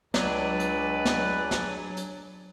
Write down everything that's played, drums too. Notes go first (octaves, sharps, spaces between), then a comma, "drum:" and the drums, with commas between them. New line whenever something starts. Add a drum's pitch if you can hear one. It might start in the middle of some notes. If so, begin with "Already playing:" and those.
C#2 F#3 D4 G#4 B4 D5, drum: snare
drum: hi-hat
drum: snare
drum: snare
drum: hi-hat